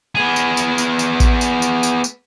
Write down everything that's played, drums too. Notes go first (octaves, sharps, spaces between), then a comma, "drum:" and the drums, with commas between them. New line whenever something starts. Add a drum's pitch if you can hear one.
B3 G#4
drum: tambourine
drum: tambourine
drum: tambourine
drum: tambourine
drum: kick A1, tambourine
drum: tambourine
drum: tambourine
drum: tambourine
drum: tambourine